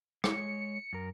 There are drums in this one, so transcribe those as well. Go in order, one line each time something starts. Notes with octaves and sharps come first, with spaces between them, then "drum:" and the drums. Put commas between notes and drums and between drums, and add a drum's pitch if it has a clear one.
G#3 C#5 C#7, drum: rim click
F#2 A#4